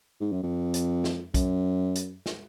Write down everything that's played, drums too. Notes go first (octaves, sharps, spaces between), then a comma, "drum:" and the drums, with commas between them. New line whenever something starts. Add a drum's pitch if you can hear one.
G#2
F#2
F2
drum: hi-hat
drum: snare
F#2, drum: kick B1, hi-hat
drum: hi-hat
drum: snare